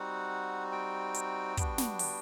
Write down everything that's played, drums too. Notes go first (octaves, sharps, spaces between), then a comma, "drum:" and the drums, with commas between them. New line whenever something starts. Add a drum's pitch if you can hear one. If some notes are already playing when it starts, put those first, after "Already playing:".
Already playing: G3 C4 D#4 F#4 F#5
G5
drum: hi-hat
G3 B3 D4 F#4, drum: kick, hi-hat
drum: snare
drum: open hi-hat